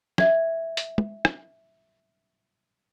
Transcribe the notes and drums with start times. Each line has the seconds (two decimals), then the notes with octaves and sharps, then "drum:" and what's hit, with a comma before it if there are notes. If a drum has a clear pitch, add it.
0.18 E5 G#6, drum: snare
0.77 drum: hi-hat
0.98 drum: tom
1.25 drum: rim click